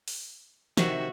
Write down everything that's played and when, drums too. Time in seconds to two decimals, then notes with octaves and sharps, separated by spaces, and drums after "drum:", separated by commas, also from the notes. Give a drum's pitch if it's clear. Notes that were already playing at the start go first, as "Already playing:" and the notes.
0.08 drum: open hi-hat
0.77 C3 D#3 F#4 E5, drum: snare